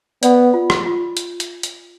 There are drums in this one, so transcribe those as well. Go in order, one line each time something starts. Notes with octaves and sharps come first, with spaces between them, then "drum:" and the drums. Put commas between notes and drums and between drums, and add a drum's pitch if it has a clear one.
B3 D5, drum: hi-hat
F4
drum: rim click
F4
drum: hi-hat
drum: hi-hat
drum: hi-hat